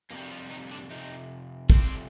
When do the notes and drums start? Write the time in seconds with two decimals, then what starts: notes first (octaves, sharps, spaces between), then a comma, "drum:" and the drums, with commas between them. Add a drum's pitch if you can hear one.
0.10 F2 C3 G3 A#3
0.31 F3 F4
0.50 D#3 D#4
0.71 D3 D4
0.91 F2 C3 D#4
1.70 F2 C3 G3 C4 C5, drum: kick